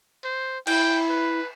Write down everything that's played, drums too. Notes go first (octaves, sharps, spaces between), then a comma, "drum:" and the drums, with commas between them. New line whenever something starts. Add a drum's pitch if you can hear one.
C5
E4 G5, drum: cymbal
B4